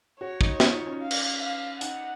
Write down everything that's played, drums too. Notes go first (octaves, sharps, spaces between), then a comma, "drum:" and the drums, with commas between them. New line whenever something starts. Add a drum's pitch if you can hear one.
F#4 C#5
D#4, drum: kick
F4, drum: snare
D#4
C#4
F5
drum: cymbal
F5
D#4 F#5, drum: hi-hat